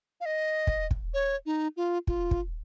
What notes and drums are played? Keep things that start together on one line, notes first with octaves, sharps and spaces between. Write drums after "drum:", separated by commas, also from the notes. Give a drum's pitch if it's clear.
F5
D#5
drum: kick
drum: kick
C#5
D#4
F4
F4, drum: kick
drum: kick